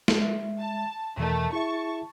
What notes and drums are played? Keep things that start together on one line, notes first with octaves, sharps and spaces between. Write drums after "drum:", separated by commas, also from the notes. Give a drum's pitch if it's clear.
drum: snare
G#3 E5
A5
E2 B2 D#3 E3 A3
E4 G#4 E5 A5 C#6